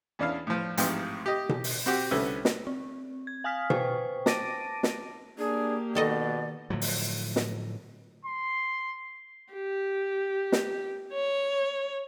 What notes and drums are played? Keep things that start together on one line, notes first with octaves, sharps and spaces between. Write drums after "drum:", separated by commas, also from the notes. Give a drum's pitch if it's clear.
E2 C#4 D4 E4 F5
A2 F3
A1 G#2 F3 G#3 C4 G5, drum: hi-hat
G4 D#5
drum: tom B2
drum: open hi-hat
C4 F#4 G4
C2 D3 A3 C#4 B4 E5
drum: snare
C4
G#6
F5 G#5 D#6 F6 B6
B4 C5 G5 C#6, drum: tom B2
A5 D6 A6 A#6 D7 D#7, drum: snare
drum: snare
A#3 D4 G4 G#4
B2 D#3 A4 D5 D#5
A2 D3 F3 F#3
drum: open hi-hat
drum: snare
C6
G4
drum: snare
C#5